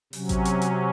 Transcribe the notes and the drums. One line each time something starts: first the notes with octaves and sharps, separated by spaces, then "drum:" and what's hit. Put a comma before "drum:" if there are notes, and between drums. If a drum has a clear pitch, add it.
C3 F#3 C#4, drum: open hi-hat
drum: kick A1, hi-hat
drum: hi-hat
drum: hi-hat